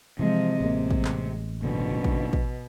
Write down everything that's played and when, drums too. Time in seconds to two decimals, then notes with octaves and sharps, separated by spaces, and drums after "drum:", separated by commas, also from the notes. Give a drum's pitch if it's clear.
0.19 C3 E3 F3 G#3 C4 D#5
0.60 A1 G#3 A#3
0.91 drum: kick A1
1.05 drum: clap
1.63 F#1 B2 D3
2.04 drum: kick A1
2.33 drum: kick A1